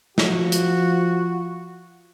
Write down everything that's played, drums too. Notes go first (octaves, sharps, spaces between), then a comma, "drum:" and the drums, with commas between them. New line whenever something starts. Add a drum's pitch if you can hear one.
F3 F4 F#4, drum: snare
drum: hi-hat